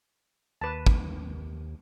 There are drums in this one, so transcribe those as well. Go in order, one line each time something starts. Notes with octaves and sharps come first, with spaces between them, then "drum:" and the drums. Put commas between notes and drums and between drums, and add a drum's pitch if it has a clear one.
D#2 B4 A5
drum: kick